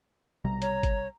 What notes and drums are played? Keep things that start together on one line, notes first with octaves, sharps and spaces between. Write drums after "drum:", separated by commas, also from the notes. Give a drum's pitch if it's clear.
B1 C3 G3 A#5
C#5, drum: hi-hat
drum: kick G1, hi-hat